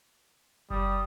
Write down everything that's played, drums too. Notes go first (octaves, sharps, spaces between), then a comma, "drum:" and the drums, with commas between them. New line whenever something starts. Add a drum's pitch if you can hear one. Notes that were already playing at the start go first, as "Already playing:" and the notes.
G3 D#6, drum: kick F#1